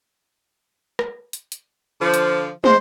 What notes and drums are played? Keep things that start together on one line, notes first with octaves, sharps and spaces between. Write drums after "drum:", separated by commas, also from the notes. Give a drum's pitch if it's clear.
drum: rim click
drum: hi-hat
drum: hi-hat
D3 F3
drum: hi-hat
E2 G#3 C5, drum: tom